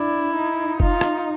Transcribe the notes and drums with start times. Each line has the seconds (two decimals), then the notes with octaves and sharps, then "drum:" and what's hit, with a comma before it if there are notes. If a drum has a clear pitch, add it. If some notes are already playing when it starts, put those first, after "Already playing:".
Already playing: D4 E4
0.35 D#4
0.80 F4, drum: kick
1.01 drum: rim click